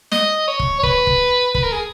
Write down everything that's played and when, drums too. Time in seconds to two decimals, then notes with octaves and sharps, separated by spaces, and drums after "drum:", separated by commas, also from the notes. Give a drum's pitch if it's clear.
0.12 D#5, drum: snare
0.48 C#5
0.60 drum: kick
0.80 C#5
0.83 B4, drum: kick
1.07 drum: kick
1.55 B4, drum: kick
1.63 A#4
1.72 G#4